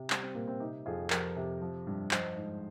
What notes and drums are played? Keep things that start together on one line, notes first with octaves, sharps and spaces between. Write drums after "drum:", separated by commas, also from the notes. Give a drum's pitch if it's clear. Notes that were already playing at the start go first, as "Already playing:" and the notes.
Already playing: C3
G3 C4, drum: clap
C4
A#2 A#3
C4
C3 D#4 G4
F2 F4 G#4
F3 G4 A#4, drum: clap
C3
F3
G2
F3 C5 D#5, drum: clap
G#2